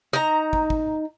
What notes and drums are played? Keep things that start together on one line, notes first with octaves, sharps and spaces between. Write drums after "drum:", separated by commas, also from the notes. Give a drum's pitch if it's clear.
D#4 A#5, drum: hi-hat
drum: kick
drum: kick